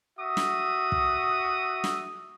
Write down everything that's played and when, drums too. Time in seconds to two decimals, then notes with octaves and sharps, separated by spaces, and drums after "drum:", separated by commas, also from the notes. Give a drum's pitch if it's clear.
0.18 F#4 E5 D#6
0.37 drum: snare
0.92 drum: kick
1.84 drum: snare